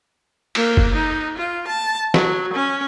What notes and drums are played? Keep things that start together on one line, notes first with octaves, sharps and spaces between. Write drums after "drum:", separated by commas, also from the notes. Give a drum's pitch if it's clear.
A#3, drum: cymbal
drum: kick
D#4
F4
A5
F#3, drum: snare
C#4